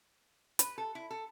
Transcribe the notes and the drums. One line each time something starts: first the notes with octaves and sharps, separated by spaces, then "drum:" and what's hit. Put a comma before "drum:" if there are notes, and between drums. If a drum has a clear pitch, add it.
B4, drum: hi-hat
A4
E4
A4